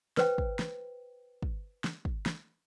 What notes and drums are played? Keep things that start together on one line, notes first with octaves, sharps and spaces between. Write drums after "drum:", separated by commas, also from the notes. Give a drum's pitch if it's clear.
B4 C5 G5, drum: snare
drum: kick
drum: snare
drum: kick
drum: snare
drum: kick
drum: snare